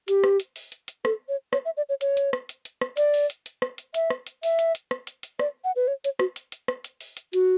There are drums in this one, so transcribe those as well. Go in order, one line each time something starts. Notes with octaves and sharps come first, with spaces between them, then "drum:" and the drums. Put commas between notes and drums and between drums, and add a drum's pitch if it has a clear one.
G4, drum: hi-hat
drum: rim click
drum: hi-hat
drum: open hi-hat
drum: hi-hat
drum: hi-hat
A4, drum: rim click
C#5
C#5, drum: rim click
E5
D5
C#5
C#5, drum: hi-hat
drum: hi-hat
drum: rim click
drum: hi-hat
drum: hi-hat
drum: rim click
D5, drum: hi-hat
drum: open hi-hat
drum: hi-hat
drum: hi-hat
drum: rim click
drum: hi-hat
E5, drum: hi-hat
drum: rim click
drum: hi-hat
E5, drum: open hi-hat
drum: hi-hat
drum: hi-hat
drum: rim click
drum: hi-hat
drum: hi-hat
D5, drum: rim click
F#5
B4
C#5
C#5, drum: hi-hat
F#4, drum: rim click
drum: hi-hat
drum: hi-hat
drum: rim click
drum: hi-hat
drum: open hi-hat
drum: hi-hat
F#4, drum: hi-hat